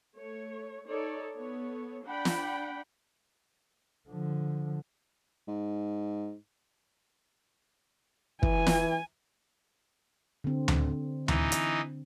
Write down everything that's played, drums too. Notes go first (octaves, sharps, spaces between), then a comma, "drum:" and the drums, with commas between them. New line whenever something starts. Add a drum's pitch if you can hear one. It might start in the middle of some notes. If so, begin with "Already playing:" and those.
A3 C#5
D#4 A4 C#5 D5
B3 A4 C#5
D4 F#5 G5 B5
drum: snare
D3 F3
G#2
E3 G#5, drum: kick
drum: snare
D3 C4
drum: tom D2
E3 D#4, drum: tom D2
drum: hi-hat